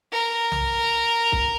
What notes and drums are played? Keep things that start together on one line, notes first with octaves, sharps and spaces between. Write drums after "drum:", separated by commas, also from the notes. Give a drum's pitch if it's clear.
A#4
drum: tom B1
drum: kick